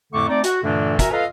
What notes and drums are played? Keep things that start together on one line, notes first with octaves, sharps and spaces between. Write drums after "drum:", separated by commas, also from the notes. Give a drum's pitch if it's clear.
F2 A2 D3 A3 C#6 D6
A3 C4 D#4 D5
F#4, drum: hi-hat
G2 A#2 D3 E3 A3 D4
F#4 A#4 E5 G#5 A#5, drum: kick, hi-hat
F4 A4 B4 D#5 F5